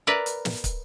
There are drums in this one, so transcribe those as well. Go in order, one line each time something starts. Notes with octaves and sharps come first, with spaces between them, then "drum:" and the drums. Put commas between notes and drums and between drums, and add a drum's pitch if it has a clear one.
A#4 B4 D5 E5
drum: hi-hat
drum: snare
drum: kick, hi-hat